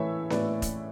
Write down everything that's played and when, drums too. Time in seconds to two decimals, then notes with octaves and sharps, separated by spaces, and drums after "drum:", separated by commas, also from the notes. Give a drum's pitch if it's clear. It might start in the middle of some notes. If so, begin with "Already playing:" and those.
Already playing: A2 E3 A3 C#5 E5
0.30 A2 B4 D5, drum: snare B3
0.62 drum: kick, hi-hat